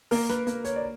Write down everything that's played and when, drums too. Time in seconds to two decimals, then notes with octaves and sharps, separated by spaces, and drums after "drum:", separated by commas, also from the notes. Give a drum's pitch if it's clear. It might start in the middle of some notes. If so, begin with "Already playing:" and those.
0.11 A#3 A#4, drum: open hi-hat
0.29 B4, drum: snare
0.47 A#3, drum: hi-hat
0.64 C#5, drum: hi-hat
0.76 D5